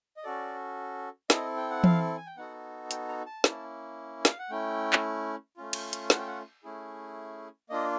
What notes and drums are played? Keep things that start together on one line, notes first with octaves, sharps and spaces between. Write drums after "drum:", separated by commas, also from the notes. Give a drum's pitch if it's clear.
D#5
C#4 F#4 A4 D5
C4 E4 A4 D#5, drum: snare
G5
F#5
F5, drum: tom E3
G#5
G5
B3 D#4 F#4 A4 F#5
G5, drum: hi-hat
A#5
A5
A#3 C#4 E4, drum: snare
F5, drum: snare
F#5
A3 C#4 E4 G5
drum: clap
A3 C#4 F4
drum: cymbal
drum: hi-hat
F#5, drum: snare
G5
F#5
A3 C#4 E4 G#4
A#3 D4 F4 D#5